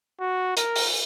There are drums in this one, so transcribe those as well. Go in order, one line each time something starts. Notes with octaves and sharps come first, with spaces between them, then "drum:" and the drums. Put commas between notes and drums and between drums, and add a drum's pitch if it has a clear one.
F#4
A#4, drum: hi-hat
drum: open hi-hat